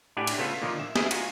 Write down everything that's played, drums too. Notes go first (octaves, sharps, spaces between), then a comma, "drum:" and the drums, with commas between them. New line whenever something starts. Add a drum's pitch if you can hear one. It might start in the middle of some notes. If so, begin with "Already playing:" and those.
A2 D4 E4 G4 F#5 G#5
drum: cymbal
C#3 A3 B3 F4 A4 B4
A#2 D3 D#3 F3
E5
G#3 E4 G#4 E5, drum: snare
D#4 F4 F#4 G#5, drum: cymbal